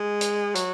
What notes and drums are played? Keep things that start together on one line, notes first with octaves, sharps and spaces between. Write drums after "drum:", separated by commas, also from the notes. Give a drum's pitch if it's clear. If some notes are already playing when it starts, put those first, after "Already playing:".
Already playing: G#3
drum: hi-hat
F#3, drum: hi-hat